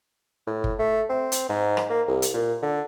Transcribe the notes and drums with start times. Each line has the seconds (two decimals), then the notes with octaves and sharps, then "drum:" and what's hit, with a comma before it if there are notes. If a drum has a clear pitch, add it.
0.47 A2
0.64 drum: kick G1
0.79 A3
1.09 C4
1.32 drum: hi-hat
1.49 G#2
1.77 drum: rim click
1.90 A#3
2.08 C2
2.22 drum: hi-hat
2.34 A#2
2.62 D3